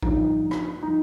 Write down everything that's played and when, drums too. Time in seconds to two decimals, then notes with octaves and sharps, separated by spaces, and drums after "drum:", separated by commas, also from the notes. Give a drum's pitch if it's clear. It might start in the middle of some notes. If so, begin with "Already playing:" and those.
0.03 G2 F3 D#4, drum: kick A1
0.51 drum: rim click
0.83 F3 D#4